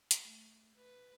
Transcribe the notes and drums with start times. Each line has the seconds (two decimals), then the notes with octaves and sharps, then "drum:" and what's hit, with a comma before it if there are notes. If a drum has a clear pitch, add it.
0.11 drum: hi-hat
0.22 A3
0.76 B4